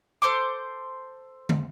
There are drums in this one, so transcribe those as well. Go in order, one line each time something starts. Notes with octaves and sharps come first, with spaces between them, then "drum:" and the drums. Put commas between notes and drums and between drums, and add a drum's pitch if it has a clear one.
A4 C5 C6 D6
drum: tom